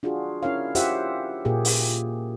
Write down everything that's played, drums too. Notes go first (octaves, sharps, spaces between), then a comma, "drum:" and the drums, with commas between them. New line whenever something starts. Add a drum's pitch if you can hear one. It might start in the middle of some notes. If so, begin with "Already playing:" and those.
D4 F4 F#4 G#4
C#4 E4 A#4 C#5 F5
F4 G4 C5 E5 F#5, drum: hi-hat
A#2 A#3 G4 G#4
drum: open hi-hat